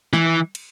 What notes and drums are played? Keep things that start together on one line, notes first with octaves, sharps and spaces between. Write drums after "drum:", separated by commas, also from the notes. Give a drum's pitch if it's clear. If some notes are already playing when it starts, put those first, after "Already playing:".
E3, drum: snare
drum: cymbal